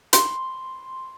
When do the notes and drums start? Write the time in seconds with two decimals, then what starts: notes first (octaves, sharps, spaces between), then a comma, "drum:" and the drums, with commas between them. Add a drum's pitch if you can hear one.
0.13 C6, drum: hi-hat